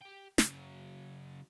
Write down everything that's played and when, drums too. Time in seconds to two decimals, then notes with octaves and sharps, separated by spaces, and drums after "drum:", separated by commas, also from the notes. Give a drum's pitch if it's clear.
0.01 G4 G5
0.38 C#3 F#3, drum: snare